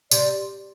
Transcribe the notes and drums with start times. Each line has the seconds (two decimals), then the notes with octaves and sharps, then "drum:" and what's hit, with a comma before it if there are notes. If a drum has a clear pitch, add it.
0.11 C3 D5, drum: tambourine